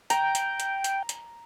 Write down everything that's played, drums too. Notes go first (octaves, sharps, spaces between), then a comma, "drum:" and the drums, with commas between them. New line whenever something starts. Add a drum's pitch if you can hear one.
G5 A#5, drum: hi-hat
drum: hi-hat
drum: hi-hat
drum: hi-hat
drum: hi-hat